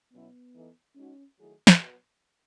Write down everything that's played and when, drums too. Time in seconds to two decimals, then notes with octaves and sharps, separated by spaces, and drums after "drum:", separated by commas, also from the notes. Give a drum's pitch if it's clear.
0.12 B2 F#3 B3 C#4 E4
0.54 E3 A3 D#4
0.95 G#3 C#4 D#4 F#4
1.38 D#3 F#3 A3 E4 G#4
1.67 drum: snare
1.79 B2 F#3 B3